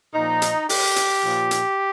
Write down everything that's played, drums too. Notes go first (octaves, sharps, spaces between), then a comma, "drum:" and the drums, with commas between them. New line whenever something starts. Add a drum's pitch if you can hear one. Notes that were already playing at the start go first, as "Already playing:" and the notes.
A#2 F3 D#4
drum: hi-hat
G4, drum: open hi-hat
drum: hi-hat
A#2 F3
drum: hi-hat